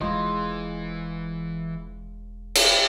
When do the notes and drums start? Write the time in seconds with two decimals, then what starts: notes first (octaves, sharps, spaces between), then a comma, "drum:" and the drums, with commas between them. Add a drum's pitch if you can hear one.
0.01 E1 E3 G#3 F4 C5 D#5
2.55 drum: cymbal